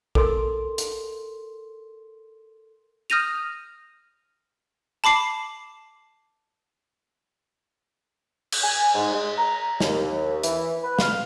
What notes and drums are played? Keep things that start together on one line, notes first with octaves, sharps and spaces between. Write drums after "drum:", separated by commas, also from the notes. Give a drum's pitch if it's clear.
A4 A#4 C6, drum: kick A#1
drum: hi-hat
D#6 F6 G6 A#6 D#7 F7
A5 B5 D6 C7
drum: cymbal
G#5
G#2
G#3
A#5
D#2, drum: snare
E3, drum: hi-hat
B4
F5, drum: snare